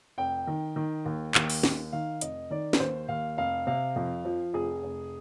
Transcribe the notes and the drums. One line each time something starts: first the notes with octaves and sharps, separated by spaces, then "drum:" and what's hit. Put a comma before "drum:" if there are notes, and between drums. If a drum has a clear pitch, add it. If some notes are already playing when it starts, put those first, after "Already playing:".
F1 G5
D#3
D#3
D#2
D#2, drum: clap
drum: open hi-hat
D#2, drum: snare
D#3 F5
F1 D#5, drum: hi-hat
D#3 D5
B4, drum: snare
D#2 C5
D#2 F5
F1 F5
C3 F5
F2
F3
F1 G#4
F1